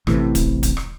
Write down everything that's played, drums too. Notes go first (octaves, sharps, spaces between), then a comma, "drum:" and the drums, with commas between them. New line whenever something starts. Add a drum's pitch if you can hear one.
A1 A2 C3 E3, drum: rim click
drum: kick, hi-hat
drum: kick, hi-hat
drum: rim click